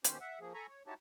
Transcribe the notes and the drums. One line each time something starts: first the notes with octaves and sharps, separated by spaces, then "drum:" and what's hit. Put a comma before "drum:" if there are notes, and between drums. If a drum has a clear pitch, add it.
D#2 B2 D#3 C#4 G4 C5, drum: hi-hat
E5 F#5
F3 A#3 G#4
A4 G#5 A#5 B5 C#6
C#5
D#4 E4 F#4 G4 C#5 A5